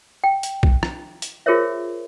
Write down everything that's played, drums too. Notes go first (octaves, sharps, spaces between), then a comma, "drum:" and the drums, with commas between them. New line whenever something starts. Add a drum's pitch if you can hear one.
G5
drum: hi-hat
drum: kick
drum: rim click
drum: hi-hat
F4 G#4 A#4 C5 C#5 E5